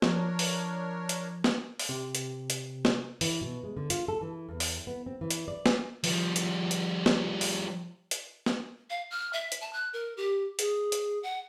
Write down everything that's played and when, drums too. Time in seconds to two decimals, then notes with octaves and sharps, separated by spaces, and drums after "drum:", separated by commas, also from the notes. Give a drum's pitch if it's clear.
0.02 F3 D4 A#4 C#5, drum: snare
0.39 drum: open hi-hat
1.09 drum: hi-hat
1.44 drum: snare
1.79 drum: open hi-hat
1.89 C3
2.15 drum: hi-hat
2.50 drum: hi-hat
2.85 drum: snare
3.21 E3, drum: open hi-hat
3.41 B2
3.63 G#3
3.77 D3
3.90 F4, drum: hi-hat
4.08 A4
4.21 E3
4.49 E2
4.60 drum: open hi-hat
4.87 B3
5.06 C4
5.21 E3
5.30 drum: hi-hat
5.48 D5
5.66 drum: snare
6.04 F3 G3, drum: open hi-hat
6.36 drum: hi-hat
6.71 drum: hi-hat
7.06 drum: snare
7.41 drum: open hi-hat
8.11 drum: hi-hat
8.46 drum: snare
8.90 F5
9.11 F6
9.33 E5
9.52 drum: hi-hat
9.61 A5
9.73 F#6
9.93 A#4
10.17 G4
10.59 G#4, drum: hi-hat
10.92 drum: hi-hat
11.23 F#5